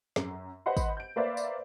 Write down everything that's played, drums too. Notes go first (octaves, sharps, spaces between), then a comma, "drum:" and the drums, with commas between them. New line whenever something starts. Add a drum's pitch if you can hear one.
F#2, drum: snare
B4 C5 D#5 F#5 B5 C6
drum: kick, tambourine
G6 D7
A#3 B4 C5 D5 E5 F5
drum: tambourine